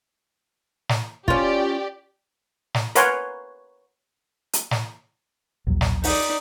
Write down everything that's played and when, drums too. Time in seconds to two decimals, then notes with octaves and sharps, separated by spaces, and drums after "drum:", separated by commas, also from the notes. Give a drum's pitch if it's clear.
0.89 drum: snare
1.28 C#4 F4 G4 D5, drum: kick
2.74 drum: snare
2.95 A#4 B4 C#5 F#5 G#5 C6, drum: hi-hat
4.53 drum: hi-hat
4.71 drum: snare
5.67 A#1 D#2 F#3
5.81 drum: snare
6.04 D#4 D5, drum: open hi-hat